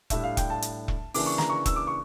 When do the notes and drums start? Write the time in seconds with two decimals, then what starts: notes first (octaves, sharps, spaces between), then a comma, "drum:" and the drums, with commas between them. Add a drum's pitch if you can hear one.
0.10 A2 G3 D4 E5, drum: kick E1, hi-hat
0.23 F5
0.37 G5, drum: kick E1, hi-hat
0.50 A5
0.62 drum: hi-hat
0.88 drum: kick E1
1.14 C#3 E3 A#3 D4 D6, drum: open hi-hat
1.26 C#6
1.38 A#5, drum: snare
1.50 C#6
1.66 E6, drum: kick E1, hi-hat
1.76 D6
1.87 C#6